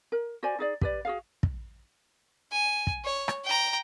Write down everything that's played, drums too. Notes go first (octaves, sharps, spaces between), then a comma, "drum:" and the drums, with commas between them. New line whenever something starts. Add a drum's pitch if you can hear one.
A#4
F#4 C5 D5 G#5
D#4 G#4 D5
G4 B4 D5, drum: kick
F#4 G#4 F5
drum: kick
G#5
drum: kick
C#5
drum: rim click
G5 A#5